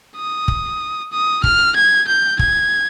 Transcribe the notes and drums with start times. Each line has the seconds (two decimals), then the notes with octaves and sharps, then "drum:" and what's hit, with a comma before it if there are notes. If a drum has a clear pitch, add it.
0.16 D#6
0.48 drum: kick
1.12 D#6
1.44 F6, drum: kick
1.76 G#6
2.07 G6
2.39 G#6, drum: kick